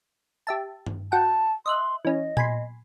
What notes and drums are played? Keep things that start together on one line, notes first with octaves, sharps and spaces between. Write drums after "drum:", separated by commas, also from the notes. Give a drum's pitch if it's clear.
G4 E5 A5
drum: tom G2
F#4 F#5 G5 A5
D#5 E5 C6 F#6
E3 C#4 D#5
G#5 B5 C6, drum: tom A#2